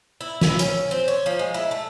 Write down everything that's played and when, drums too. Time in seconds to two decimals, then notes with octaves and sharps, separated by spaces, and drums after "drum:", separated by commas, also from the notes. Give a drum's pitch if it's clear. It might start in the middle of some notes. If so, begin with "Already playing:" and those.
0.21 E4
0.41 E4, drum: snare
0.59 C#4, drum: hi-hat
0.91 C4
1.08 C#5
1.26 F3
1.39 G#3
1.54 E4
1.71 A3